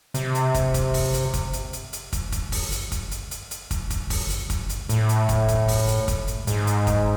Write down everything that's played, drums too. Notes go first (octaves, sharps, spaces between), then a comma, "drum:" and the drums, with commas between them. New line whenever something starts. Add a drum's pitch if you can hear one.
C3, drum: hi-hat
drum: hi-hat
drum: kick, hi-hat
drum: kick, hi-hat
drum: kick, open hi-hat
drum: hi-hat
drum: kick, hi-hat
drum: hi-hat
drum: hi-hat
drum: hi-hat
drum: kick, hi-hat
drum: kick, hi-hat
drum: kick, open hi-hat
drum: hi-hat
drum: kick, hi-hat
drum: hi-hat
drum: hi-hat
drum: hi-hat
drum: kick, hi-hat
drum: kick, hi-hat
drum: kick, open hi-hat
drum: hi-hat
drum: kick, hi-hat
drum: hi-hat
A2, drum: hi-hat
drum: hi-hat
drum: kick, hi-hat
drum: kick, hi-hat
drum: kick, open hi-hat
drum: hi-hat
drum: kick, hi-hat
drum: hi-hat
G#2, drum: hi-hat
drum: hi-hat
drum: kick, hi-hat